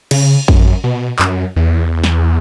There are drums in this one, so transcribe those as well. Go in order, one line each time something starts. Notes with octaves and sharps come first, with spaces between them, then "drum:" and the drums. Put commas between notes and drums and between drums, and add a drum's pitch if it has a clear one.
C#3, drum: cymbal
F#2, drum: kick A1
B2
F#2, drum: clap
E2
drum: snare